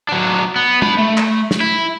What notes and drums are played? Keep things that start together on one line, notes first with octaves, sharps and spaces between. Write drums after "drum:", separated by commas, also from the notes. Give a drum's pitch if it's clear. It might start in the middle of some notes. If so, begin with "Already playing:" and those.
F#3 D4
B3
D4 B5, drum: tom
A3
drum: clap
drum: snare
E4